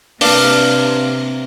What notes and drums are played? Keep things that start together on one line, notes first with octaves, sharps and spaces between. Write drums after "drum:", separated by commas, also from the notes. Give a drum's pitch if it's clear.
C3 A#3 D4 B4 F5 F6, drum: open hi-hat